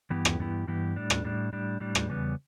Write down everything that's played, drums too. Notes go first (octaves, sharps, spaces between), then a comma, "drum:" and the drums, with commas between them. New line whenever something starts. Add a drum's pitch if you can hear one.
G2 E3 B3 E4 G4
drum: rim click
G2 E3 B3 E4 G4
G2 E3 B3 E4 G4
A2 G3 D4
drum: rim click
A2 G3 D4
A2 G3 D4
A2 G3 D4
drum: rim click
E2 C#3 G3 B3